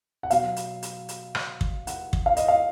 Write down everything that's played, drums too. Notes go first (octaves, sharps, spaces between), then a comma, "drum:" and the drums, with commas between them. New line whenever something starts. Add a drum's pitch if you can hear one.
F#5
B2 F#3 F5, drum: hi-hat
drum: hi-hat
drum: hi-hat
drum: hi-hat
drum: rim click
drum: kick
F#5, drum: hi-hat
drum: kick
F5
D#5, drum: hi-hat
F5